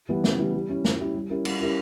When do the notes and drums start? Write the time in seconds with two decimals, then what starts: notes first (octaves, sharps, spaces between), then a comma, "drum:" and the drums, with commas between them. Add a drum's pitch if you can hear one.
0.09 E3 G3 B3
0.24 C#3, drum: snare
0.39 E3 G3 B3
0.54 G3
0.69 C#4 E4 G4
0.85 G3, drum: snare
1.00 C#4 E4 G4
1.15 G3
1.29 C#4 E4 G4 A#4
1.45 G3, drum: cymbal
1.60 C#4 E4 G4 A#4